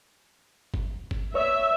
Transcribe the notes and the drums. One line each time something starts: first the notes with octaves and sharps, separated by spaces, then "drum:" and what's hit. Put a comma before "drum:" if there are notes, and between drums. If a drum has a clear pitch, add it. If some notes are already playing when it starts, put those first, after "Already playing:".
drum: kick F#1
drum: kick F#1
B4 C#5 D5 E5